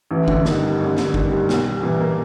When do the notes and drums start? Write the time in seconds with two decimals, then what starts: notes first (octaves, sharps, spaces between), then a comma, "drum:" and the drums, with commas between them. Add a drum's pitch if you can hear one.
0.11 A1 E3
0.28 D3, drum: kick
0.45 G2 D#3, drum: snare
0.63 G3
0.80 A1
0.97 D3, drum: snare
1.14 G2 D#3, drum: kick
1.32 G3
1.49 B1, drum: snare
1.66 G3
1.83 A#2 E3
2.00 A#3